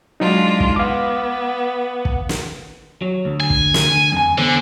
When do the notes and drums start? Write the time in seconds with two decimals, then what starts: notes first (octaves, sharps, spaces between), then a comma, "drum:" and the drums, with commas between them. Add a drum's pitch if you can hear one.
0.20 F#3 G#3 D4 D#4 F4
0.60 drum: kick
0.76 B3 F5 D6
2.05 drum: kick
2.29 drum: snare
3.02 F#3
3.25 D2
3.40 G#5
3.50 drum: kick
3.74 drum: snare
4.12 F2 G#5
4.38 D3 E3 B3 C5